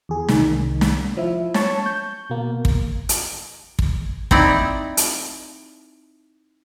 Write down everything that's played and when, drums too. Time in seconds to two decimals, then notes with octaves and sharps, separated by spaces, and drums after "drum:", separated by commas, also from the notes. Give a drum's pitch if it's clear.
0.09 E2 G#4
0.28 C2 D#3, drum: snare
0.81 drum: snare
1.17 F3 E4
1.54 C#5 A5 C#6, drum: snare
1.86 G6
2.30 B2 A#3
2.65 drum: kick
3.09 drum: hi-hat
3.79 drum: kick
4.31 C4 D#4 E4 D5, drum: kick
4.97 drum: hi-hat